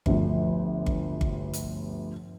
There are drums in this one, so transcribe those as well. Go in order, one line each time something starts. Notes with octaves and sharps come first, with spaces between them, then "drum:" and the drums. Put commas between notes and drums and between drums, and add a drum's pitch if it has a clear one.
G1 D2 F3, drum: kick G1
drum: kick G1
drum: kick G1
drum: hi-hat